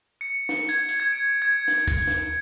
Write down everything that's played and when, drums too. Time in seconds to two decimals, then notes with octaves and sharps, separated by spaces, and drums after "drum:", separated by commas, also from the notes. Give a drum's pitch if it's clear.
0.21 C#7
0.49 drum: snare
0.69 G#6, drum: hi-hat
0.89 drum: hi-hat
1.00 G#6
1.13 D7
1.42 G#6
1.68 drum: snare
1.88 drum: kick, hi-hat
2.07 drum: snare